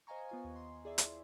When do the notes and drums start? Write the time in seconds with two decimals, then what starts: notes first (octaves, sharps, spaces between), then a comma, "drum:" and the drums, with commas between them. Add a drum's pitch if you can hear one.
0.07 C5 D#5 F5 G#5 A#5 C#6
0.29 B3 F4 G#5
0.44 D#2
0.56 C6
0.84 E4 G#4 D5 E5
0.98 E4, drum: hi-hat